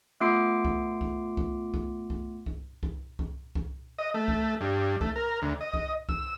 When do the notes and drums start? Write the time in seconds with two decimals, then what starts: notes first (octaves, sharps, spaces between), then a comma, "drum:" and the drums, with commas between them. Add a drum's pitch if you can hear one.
0.20 A3 B3 F4 D6 C7 D7
0.65 drum: kick C2
1.01 drum: kick C2
1.37 drum: kick C2
1.74 drum: kick C2
2.10 drum: kick C2
2.46 drum: kick C2
2.83 drum: kick C2
3.19 drum: kick C2
3.55 drum: kick C2
3.99 D#5
4.14 A3
4.28 drum: kick C2
4.61 G2
5.01 A3, drum: kick C2
5.16 A#4
5.42 D2
5.61 D#5
5.74 drum: kick C2
6.09 E6, drum: kick C2